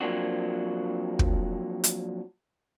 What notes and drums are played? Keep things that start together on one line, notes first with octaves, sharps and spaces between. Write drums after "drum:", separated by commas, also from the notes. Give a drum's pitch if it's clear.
F3 F#3 A#3 C4 D4 F#4
drum: kick
drum: hi-hat